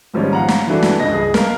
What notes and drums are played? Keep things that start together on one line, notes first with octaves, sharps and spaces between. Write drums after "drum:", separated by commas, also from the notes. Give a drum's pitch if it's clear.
G#2 D#3 F3 G3 A#3 C#4
F5 F#5 A#5
drum: snare
E3 D4 F#4 A4
drum: snare
C#2 G2 D#5 A#6
G#4 D#5
A#4 F5, drum: snare